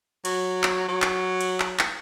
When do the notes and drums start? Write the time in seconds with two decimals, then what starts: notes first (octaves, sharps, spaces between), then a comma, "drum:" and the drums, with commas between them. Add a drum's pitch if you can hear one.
0.25 F#3, drum: cymbal
0.63 drum: clap
0.89 F#3
1.02 drum: clap
1.41 drum: cymbal
1.60 drum: clap
1.79 drum: clap